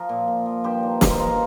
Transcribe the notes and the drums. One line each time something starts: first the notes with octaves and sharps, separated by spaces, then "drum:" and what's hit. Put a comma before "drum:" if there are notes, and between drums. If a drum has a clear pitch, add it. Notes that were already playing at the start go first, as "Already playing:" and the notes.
Already playing: F3 F4 A#4
A#2
A#2
F3
G2 G4 C5
D#3
D#3, drum: snare
C5
G2 F4 A#4